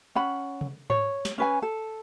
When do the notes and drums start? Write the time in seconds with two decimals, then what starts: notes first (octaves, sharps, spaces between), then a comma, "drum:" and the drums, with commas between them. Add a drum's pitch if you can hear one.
0.15 C#4 F#5 B5
0.61 drum: tom C3
0.90 C#5, drum: tom G#2
1.25 drum: snare
1.38 C#4 B4 G#5
1.62 A4